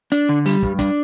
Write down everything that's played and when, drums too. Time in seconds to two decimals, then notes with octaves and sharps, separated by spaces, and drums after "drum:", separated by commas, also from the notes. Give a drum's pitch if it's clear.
0.12 D4, drum: hi-hat
0.29 D3
0.46 G3, drum: open hi-hat
0.63 G2, drum: kick
0.79 D4, drum: kick, hi-hat